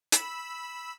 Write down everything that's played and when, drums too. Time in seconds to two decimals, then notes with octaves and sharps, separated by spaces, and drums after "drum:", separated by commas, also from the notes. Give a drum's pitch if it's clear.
0.12 B5 E6, drum: hi-hat